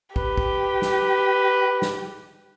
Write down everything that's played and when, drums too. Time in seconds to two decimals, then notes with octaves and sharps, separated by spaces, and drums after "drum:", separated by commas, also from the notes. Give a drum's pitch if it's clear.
0.16 G4 B4, drum: kick
0.37 drum: kick
0.82 drum: snare
1.82 drum: snare